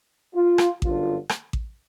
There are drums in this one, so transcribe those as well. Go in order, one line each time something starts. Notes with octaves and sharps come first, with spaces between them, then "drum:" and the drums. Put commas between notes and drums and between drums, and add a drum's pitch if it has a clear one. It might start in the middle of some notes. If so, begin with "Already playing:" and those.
F4
drum: rim click
G1 F#2 D3 F4, drum: kick A1
drum: rim click
drum: kick A1